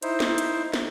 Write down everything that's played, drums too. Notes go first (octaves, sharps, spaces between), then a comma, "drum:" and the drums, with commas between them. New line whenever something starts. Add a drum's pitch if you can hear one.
D#4 E4 C5, drum: hi-hat
drum: snare
drum: hi-hat
drum: snare